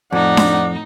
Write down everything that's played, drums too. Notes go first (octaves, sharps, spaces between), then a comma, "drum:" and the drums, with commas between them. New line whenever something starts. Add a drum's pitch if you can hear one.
F2 A2 D#4 D5 F#5
drum: snare D4